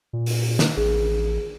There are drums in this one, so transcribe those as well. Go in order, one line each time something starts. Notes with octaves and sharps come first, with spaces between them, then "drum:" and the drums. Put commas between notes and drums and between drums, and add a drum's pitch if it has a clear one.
A#2
drum: open hi-hat
drum: snare
A1 G#4